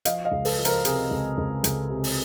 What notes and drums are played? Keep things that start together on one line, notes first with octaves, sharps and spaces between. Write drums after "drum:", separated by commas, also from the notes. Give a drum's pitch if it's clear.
F3 D#5 F5, drum: hi-hat
D#5 F5
C#2
A4 B4, drum: open hi-hat
F3
A#4 C5, drum: hi-hat
C3 G#4 A#4, drum: hi-hat
C#2
C#2
C#2, drum: hi-hat
C3
drum: open hi-hat